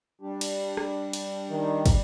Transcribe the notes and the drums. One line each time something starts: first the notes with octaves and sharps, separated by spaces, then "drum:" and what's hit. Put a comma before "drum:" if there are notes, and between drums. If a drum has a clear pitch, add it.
G3 D4 G4
drum: cymbal
drum: rim click
drum: cymbal
D#3
drum: kick, cymbal